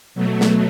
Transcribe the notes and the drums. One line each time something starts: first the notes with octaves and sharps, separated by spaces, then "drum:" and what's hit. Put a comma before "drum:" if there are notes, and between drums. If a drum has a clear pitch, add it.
B2 F#3 A3
drum: snare